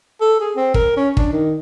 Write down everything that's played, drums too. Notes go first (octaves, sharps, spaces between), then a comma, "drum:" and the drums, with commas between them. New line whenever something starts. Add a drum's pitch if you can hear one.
A4
G#4
C4
A#4, drum: kick
C#4
D4, drum: kick
D#3